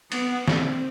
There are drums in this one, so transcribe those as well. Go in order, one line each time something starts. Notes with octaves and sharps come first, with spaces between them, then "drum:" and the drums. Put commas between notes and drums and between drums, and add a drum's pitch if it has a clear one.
B3, drum: cymbal
C4, drum: snare